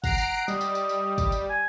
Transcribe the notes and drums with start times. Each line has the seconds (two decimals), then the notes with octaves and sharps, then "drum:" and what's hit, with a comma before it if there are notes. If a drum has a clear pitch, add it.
0.04 F#5 A#5 C7 D7, drum: kick, tambourine
0.18 drum: tambourine
0.48 G3 D#5, drum: tambourine
0.61 drum: tambourine
0.75 drum: tambourine
0.89 drum: tambourine
1.18 drum: kick, tambourine
1.32 drum: tambourine
1.50 G#5